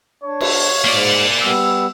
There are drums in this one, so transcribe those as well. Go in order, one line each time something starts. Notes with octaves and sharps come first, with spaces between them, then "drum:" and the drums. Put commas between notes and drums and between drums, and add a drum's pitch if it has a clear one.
D4 C#5
drum: cymbal
G#2 A#3 D5
G3 B3 E6